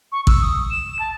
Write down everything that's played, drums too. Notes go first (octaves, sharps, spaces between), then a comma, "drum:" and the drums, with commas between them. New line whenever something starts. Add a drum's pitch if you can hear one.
C#6
E6, drum: kick
D#6
E7
A5